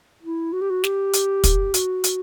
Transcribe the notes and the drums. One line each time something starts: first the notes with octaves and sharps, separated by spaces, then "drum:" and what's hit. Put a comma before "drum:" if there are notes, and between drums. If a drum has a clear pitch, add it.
E4
F#4
G4
F#4
G4, drum: snare
drum: hi-hat
drum: kick, hi-hat
F#4, drum: hi-hat
drum: hi-hat